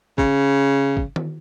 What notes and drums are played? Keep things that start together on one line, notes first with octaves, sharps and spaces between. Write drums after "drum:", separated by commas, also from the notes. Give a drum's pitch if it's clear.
C#3, drum: kick
drum: kick
drum: tom D#3